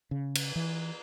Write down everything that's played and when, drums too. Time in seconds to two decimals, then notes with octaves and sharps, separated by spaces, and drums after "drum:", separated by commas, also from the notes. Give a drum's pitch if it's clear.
0.11 C#3
0.35 drum: cymbal
0.56 E3